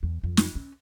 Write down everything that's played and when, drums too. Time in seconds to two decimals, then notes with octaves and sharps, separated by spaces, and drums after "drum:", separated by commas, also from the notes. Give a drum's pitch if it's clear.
0.03 E2
0.24 F2
0.37 drum: snare
0.55 C#4